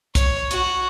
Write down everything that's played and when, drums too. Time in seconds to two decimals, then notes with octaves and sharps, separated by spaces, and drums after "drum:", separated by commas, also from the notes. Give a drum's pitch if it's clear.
0.15 C#5, drum: kick, hi-hat
0.51 F#4, drum: hi-hat